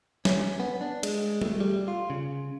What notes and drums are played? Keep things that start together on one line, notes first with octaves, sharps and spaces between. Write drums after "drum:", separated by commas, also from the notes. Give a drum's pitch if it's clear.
C#4, drum: snare
B3
D4
G#3, drum: cymbal
A3, drum: tom G3
G3
F4
C#3